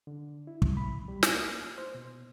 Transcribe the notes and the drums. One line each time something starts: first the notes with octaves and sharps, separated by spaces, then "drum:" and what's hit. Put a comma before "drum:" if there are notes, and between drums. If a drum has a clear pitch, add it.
D3
E4
drum: kick
B5
G3
drum: snare
A#3
F6
C5
B2